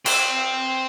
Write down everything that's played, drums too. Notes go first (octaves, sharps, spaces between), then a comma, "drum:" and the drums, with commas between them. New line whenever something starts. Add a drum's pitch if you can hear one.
C4, drum: cymbal